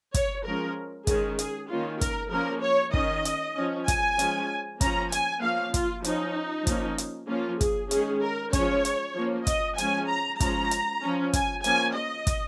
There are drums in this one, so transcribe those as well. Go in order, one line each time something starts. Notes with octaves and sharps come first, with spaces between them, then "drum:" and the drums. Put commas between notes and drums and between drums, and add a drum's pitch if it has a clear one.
C#5, drum: kick, hi-hat
F3 G#3 C#4 A#4
D#3 G#3 C#4 G#4, drum: kick, hi-hat
G#4, drum: hi-hat
D#3 A#3 C#4 F4
A#4, drum: kick, hi-hat
F3 A#3 C#4 A#4
C#5
D#3 C#4 D#5, drum: kick
drum: hi-hat
F3 C#4
G#5, drum: kick, hi-hat
F3 G#3 C#4, drum: hi-hat
F3 A#3 C#4 A#5, drum: kick, hi-hat
G#5, drum: hi-hat
F3 A#3 C#4 F5
F4, drum: kick, hi-hat
F3 C#4 D#4, drum: hi-hat
F3 A#3 C#4, drum: kick, hi-hat
drum: hi-hat
F3 A#3 C#4 F4
G#4, drum: kick, hi-hat
D#3 G#3 C#4 G#4, drum: hi-hat
A#4
F3 G#3 C#4 C#5, drum: kick, hi-hat
drum: hi-hat
F3 A#3 C#4
D#5, drum: kick, hi-hat
F3 G#3 C#4 G#5, drum: hi-hat
A#5
F3 G#3 C#4 A#5, drum: kick, hi-hat
drum: hi-hat
F3 C#4
G#5, drum: kick, hi-hat
F3 A#3 C#4 G#5, drum: hi-hat
D#5
drum: kick, hi-hat